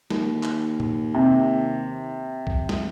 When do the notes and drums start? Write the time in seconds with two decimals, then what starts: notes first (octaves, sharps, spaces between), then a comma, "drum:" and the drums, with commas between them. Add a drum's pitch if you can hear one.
0.10 D#2, drum: snare
0.43 drum: clap
0.80 drum: tom A2
1.14 C3
2.47 drum: kick B1
2.69 drum: snare